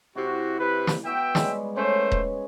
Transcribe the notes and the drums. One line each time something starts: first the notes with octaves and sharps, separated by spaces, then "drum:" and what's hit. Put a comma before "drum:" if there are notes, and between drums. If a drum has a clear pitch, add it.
C3 E4 F#4
C3 B4
drum: snare
B3 F#4 E5 G5
G3 G#3, drum: snare
A3 C#4 B4 C5
drum: kick D#1